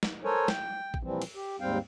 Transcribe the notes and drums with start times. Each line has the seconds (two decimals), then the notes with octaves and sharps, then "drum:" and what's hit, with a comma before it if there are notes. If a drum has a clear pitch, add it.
0.03 drum: snare
0.24 A4 A#4 C5 C#5 G#5
0.48 G5, drum: snare
0.94 drum: kick A1
1.03 A#2 E3 F3 G3 C4
1.22 drum: cymbal
1.35 G4
1.60 D#2 G#2 G3 C4 F5 G5